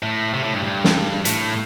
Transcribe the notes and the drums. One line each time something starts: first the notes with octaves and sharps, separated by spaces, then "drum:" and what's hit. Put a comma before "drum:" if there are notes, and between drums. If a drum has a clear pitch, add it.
A2
C3
A2
G2
G2
drum: snare
A2, drum: hi-hat